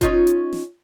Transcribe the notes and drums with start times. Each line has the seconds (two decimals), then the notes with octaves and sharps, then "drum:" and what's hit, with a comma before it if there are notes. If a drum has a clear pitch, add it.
0.01 C#4 D#4 F4, drum: kick F#1, hi-hat
0.27 drum: hi-hat
0.53 drum: snare